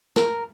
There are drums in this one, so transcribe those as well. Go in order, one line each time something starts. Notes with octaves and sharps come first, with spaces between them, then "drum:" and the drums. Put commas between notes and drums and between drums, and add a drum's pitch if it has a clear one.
A#4, drum: snare